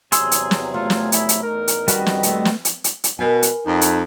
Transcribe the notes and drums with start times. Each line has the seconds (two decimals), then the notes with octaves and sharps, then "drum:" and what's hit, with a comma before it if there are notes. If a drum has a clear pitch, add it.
0.12 E2 C3 F#3 G#4 C5 C6 E6, drum: hi-hat
0.31 drum: hi-hat
0.51 drum: snare
0.74 A3 F4
0.90 drum: snare
1.12 E4, drum: hi-hat
1.29 drum: hi-hat
1.43 E2 D#4 A#4
1.68 drum: hi-hat
1.88 F2 D#3 G3 C#4 D#4 F#4 B4 D#5, drum: hi-hat
2.06 drum: snare
2.23 A3 B3 C4, drum: hi-hat
2.45 drum: snare
2.65 drum: hi-hat
2.84 drum: hi-hat
3.04 drum: hi-hat
3.19 B2 A#4 B4 G#5
3.43 drum: hi-hat
3.66 F2 D#4
3.81 drum: hi-hat